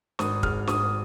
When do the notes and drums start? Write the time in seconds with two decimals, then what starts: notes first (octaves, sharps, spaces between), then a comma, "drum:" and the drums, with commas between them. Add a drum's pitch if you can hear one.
0.19 G#1 D#6, drum: snare
0.43 G#2 F6, drum: kick
0.67 G#1 D#6, drum: snare